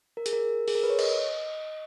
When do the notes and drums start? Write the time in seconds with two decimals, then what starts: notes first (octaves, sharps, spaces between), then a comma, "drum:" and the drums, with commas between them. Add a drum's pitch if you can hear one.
0.17 A#4
0.26 G#4, drum: hi-hat
0.33 A#4
0.68 G#4, drum: open hi-hat
0.75 A#4
0.83 B4
0.90 C#5
0.99 D#5, drum: cymbal